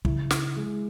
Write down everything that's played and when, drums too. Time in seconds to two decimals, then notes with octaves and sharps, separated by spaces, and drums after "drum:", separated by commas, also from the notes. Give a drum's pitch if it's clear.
0.05 C#3 E4, drum: kick
0.31 E4, drum: snare
0.56 G#3